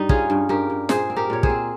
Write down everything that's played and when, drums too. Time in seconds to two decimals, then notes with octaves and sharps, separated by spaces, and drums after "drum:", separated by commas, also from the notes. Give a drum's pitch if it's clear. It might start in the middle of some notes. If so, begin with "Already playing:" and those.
Already playing: G2 G3 D#4
0.09 C#4 F4 G#4, drum: kick
0.30 G2
0.49 G2 G4 A#4
0.70 G2
0.89 A#2 G#4 C5, drum: snare
1.10 C4
1.16 G4 A#4
1.30 A#2 C#5
1.43 G#4 C5, drum: kick
1.50 C4